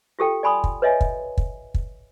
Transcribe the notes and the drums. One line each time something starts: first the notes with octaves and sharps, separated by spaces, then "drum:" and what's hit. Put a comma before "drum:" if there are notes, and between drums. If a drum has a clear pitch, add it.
F4 G4 A4 G5
D5 G#5 B5 C6 D#6
drum: kick
B4 C#5 D#5 E5 G#5
drum: kick
drum: kick
drum: kick